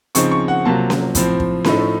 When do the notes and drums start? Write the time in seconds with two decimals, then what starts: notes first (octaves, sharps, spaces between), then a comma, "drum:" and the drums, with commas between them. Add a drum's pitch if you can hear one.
0.15 C#3 F3 C4 D#4 C#6, drum: hi-hat
0.31 C#6
0.48 F#5
0.65 C3 F#3 A#3 F4 A5
0.90 drum: snare C#4
1.15 A2 F3 C4, drum: kick, hi-hat
1.40 drum: kick
1.64 A2 F3 A3 D#4, drum: snare C#4